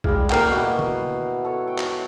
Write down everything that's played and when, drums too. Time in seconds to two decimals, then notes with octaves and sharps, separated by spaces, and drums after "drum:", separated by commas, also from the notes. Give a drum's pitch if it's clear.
0.04 G3 G#3 G4 F5, drum: kick B1
0.30 A#3 G5, drum: clap
0.48 B2 E4 F#4
0.79 drum: tom
1.45 A4 C#5
1.68 G5
1.79 drum: clap